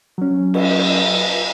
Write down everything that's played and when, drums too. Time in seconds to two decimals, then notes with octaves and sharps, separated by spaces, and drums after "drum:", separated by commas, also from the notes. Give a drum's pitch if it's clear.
0.18 F#3 C#4
0.54 drum: cymbal